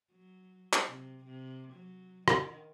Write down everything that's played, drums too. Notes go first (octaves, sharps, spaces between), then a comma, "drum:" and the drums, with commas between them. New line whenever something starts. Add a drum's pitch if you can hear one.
F#3
drum: clap
C3
C3
F#3
D#3, drum: rim click